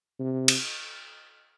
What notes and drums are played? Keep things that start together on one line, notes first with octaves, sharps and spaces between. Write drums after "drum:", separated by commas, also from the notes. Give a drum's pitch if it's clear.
C3
drum: cymbal